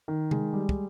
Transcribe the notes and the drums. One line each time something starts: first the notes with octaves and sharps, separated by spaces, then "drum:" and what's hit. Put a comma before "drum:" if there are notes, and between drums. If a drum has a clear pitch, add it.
D#3
G#3, drum: tom C3
G3
drum: kick